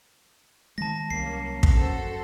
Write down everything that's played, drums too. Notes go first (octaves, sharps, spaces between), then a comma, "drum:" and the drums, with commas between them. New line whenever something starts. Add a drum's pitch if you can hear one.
D#3 G#3 A5 A#6
C2 F#3 A#3 C#4 C7
drum: kick
F#2 F#4 A4 C5